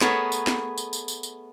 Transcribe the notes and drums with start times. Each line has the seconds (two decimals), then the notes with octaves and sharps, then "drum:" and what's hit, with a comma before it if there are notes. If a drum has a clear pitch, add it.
0.01 A3 B3 G#4 A#4 C#5 A5, drum: snare
0.32 drum: tambourine
0.47 drum: snare
0.78 drum: tambourine
0.93 drum: tambourine
1.08 drum: tambourine
1.23 drum: tambourine